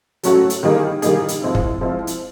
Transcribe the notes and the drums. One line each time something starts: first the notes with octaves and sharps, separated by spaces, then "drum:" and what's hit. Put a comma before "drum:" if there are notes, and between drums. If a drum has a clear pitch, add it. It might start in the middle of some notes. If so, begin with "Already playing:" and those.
F#3 A3 C#4 F#4 A4, drum: hi-hat
drum: hi-hat
D#3 G3 A#3 D#4 G#4
D#3 G3 A#3 D#4 G#4, drum: hi-hat
drum: hi-hat
F3 G#3 C4 E4
drum: kick
F3 G#3 C4 E4
drum: hi-hat